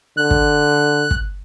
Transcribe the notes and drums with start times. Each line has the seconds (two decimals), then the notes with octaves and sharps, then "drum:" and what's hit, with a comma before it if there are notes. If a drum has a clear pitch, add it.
0.17 D3 F#6
0.31 drum: kick
1.11 drum: kick